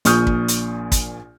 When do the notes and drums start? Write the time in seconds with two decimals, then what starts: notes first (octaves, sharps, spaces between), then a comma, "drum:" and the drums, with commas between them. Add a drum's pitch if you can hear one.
0.05 A#1 A#2 C#6 D#6 F6 G6, drum: hi-hat
0.27 drum: kick
0.48 drum: hi-hat
0.92 drum: kick, hi-hat